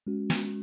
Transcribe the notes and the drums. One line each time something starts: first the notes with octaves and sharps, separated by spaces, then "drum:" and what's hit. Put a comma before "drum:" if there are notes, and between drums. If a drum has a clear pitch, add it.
G#3 C#4 F#4
drum: snare